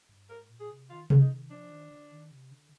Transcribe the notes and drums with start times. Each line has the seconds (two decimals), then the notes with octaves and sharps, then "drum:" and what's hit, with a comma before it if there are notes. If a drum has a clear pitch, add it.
0.09 G2
0.29 G#2 A#4
0.50 A#2
0.60 G#4
0.70 C3
0.90 D#3 F4
1.10 D#3, drum: tom C3
1.20 D#4
1.31 D#3
1.50 F3 D4
1.70 D#3
1.91 D3
2.11 D#3
2.31 C3
2.51 D3